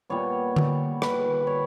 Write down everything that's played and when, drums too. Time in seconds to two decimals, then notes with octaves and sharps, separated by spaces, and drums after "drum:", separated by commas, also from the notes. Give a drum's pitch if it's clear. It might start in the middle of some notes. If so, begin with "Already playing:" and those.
0.10 A#2 G3 B3 C#5
0.56 drum: tom D3
1.02 B4, drum: rim click
1.47 C#5